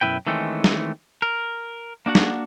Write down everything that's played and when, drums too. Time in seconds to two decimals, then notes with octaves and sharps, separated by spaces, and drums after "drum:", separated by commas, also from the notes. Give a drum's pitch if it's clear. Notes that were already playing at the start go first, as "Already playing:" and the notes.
0.01 B1 F#2 C3 E4 B4 G5
0.27 D#3 E3 G#3 A3 C4 C#4
0.64 drum: snare
1.22 A#4
2.06 A#3 D4 F#4 F#5
2.15 drum: snare